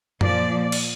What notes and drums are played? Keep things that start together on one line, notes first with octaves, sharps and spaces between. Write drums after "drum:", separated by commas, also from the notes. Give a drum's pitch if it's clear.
A#2 F3 D5, drum: tom F#2
drum: cymbal